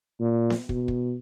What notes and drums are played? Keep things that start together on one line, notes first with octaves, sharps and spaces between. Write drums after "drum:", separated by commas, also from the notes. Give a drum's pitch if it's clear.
A#2
drum: snare B3
B2, drum: kick
drum: kick